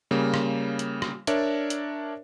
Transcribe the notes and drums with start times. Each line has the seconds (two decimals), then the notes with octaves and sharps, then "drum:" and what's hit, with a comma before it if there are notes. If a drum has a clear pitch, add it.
0.11 C#3 G3 A#3
0.34 drum: rim click
0.79 drum: hi-hat
1.02 drum: rim click
1.27 D4 A#4 C#5 D5 E5, drum: hi-hat
1.70 drum: hi-hat